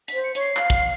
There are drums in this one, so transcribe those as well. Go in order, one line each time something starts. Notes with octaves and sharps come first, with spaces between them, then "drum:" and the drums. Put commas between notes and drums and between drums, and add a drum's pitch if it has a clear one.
B6, drum: hi-hat
C5
C#7
C#5 C7, drum: hi-hat
F5, drum: clap
drum: kick